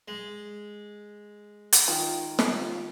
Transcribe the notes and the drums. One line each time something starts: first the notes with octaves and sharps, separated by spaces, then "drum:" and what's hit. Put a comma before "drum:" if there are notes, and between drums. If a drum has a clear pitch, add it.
G#3
drum: hi-hat
D#3 F4
drum: snare